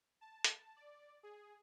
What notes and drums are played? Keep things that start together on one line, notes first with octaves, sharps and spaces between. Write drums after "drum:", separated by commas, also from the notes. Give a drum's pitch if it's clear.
A5
drum: hi-hat
D5
G#4